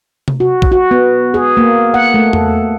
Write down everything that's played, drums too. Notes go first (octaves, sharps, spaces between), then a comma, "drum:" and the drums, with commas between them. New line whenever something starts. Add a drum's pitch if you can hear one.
drum: tom C3
F#4
drum: kick A#1
F#4
B3
G#4
A#3
F#5
A3
A4, drum: tom E2